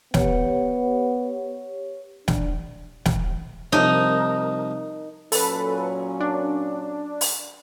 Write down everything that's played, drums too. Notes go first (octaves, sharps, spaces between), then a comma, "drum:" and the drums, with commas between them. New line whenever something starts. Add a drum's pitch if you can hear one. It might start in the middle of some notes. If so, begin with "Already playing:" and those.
B3 G4 C#5, drum: snare
D4, drum: snare
drum: snare
C2 F3 D#4 A#4 A#5
A#2 F#3 C#4 A4 B4, drum: open hi-hat
D4
drum: open hi-hat